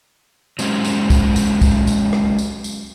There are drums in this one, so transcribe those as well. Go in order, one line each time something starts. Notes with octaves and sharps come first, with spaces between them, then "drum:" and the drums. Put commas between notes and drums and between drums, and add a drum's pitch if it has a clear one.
F#3 G#3 C4 C#4 G4, drum: tambourine
drum: tambourine
drum: kick, tambourine
drum: tambourine
drum: kick, tambourine
drum: tambourine
drum: rim click
drum: tambourine
drum: tambourine